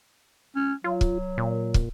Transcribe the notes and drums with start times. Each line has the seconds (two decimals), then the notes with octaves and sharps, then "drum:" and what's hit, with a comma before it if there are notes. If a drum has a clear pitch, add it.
0.56 C#4
0.84 F#3 F4
1.01 drum: kick
1.38 A#2
1.74 drum: kick